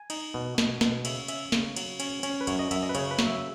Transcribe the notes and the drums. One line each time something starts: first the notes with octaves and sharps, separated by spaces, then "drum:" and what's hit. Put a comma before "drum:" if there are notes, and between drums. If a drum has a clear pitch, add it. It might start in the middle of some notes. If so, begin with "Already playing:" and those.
Already playing: G#5
D#4, drum: cymbal
B2
B2, drum: snare
B2, drum: snare
C#3 E5, drum: cymbal
C#4 E5, drum: cymbal
C#3, drum: snare
F#3, drum: cymbal
C#4, drum: cymbal
C#4, drum: cymbal
B4
F#2 C#5, drum: cymbal
D#5
F#2 E5, drum: cymbal
D#5
B4
C#3 C#5, drum: cymbal
B4
F#3, drum: snare
E5